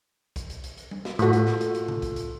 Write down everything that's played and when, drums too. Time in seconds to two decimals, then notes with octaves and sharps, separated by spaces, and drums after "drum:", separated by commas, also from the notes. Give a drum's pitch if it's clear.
0.36 drum: kick C2, hi-hat
0.50 drum: hi-hat
0.64 drum: hi-hat
0.77 drum: hi-hat
0.91 drum: tom G3
1.05 drum: snare
1.19 A2 F4 F#4 A4, drum: hi-hat
1.33 drum: hi-hat
1.47 drum: snare
1.61 drum: hi-hat
1.75 drum: hi-hat
1.88 drum: tom C3
2.02 drum: kick C2, hi-hat
2.16 drum: hi-hat